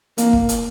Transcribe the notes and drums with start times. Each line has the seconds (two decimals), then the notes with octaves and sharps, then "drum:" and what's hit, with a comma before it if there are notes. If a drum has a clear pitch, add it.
0.18 A#3, drum: hi-hat
0.33 drum: kick
0.49 drum: hi-hat